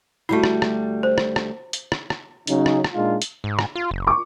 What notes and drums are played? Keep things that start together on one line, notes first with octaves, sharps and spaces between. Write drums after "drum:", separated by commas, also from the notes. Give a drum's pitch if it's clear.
D2 G3 A3 E4 F#4
drum: rim click
drum: rim click
C5
drum: rim click
drum: rim click
drum: hi-hat
drum: rim click
drum: rim click
C#3 F#3 C#4 D#4, drum: hi-hat
drum: rim click
drum: rim click
A#2 G#3 D4 D#4 F4
drum: hi-hat
G#2
drum: rim click
F4
F#1
C#6 D6